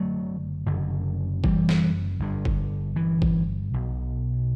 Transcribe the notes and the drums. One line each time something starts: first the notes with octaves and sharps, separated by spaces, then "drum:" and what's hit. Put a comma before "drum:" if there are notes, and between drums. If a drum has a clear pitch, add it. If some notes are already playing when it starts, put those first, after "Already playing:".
Already playing: F#1 D3 F#3 A3
F#1 F#2 D3
E3 G3, drum: kick
drum: snare
G1 G2 D3
drum: kick
E3
drum: kick
B1 B2